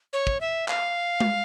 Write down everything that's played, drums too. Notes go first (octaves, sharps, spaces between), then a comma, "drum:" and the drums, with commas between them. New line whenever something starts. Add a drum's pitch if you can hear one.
C#5
drum: kick
E5
F5, drum: clap
drum: tom G#3